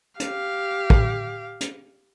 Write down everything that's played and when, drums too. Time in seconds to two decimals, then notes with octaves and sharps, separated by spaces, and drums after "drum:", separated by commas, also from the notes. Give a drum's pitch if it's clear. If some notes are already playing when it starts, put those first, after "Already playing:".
0.20 G4 F5, drum: hi-hat
0.90 drum: kick
1.61 drum: hi-hat